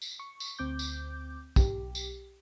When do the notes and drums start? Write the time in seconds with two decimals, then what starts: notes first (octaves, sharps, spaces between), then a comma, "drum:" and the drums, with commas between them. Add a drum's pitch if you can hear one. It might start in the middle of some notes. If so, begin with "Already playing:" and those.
0.02 drum: tambourine
0.19 C#6
0.40 drum: tambourine
0.59 D2 C4 D6 G6
0.79 drum: tambourine
1.56 B1 G4, drum: kick, tambourine
1.95 drum: tambourine